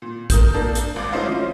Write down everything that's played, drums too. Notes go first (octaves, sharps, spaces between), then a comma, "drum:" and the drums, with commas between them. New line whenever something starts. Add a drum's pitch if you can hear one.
A#2
A#4 D#6 G6, drum: kick, hi-hat
A#3 D4 A4
drum: hi-hat
G#1 D6
A3 C#4 E4 C5 D#5 F5
F3 C#4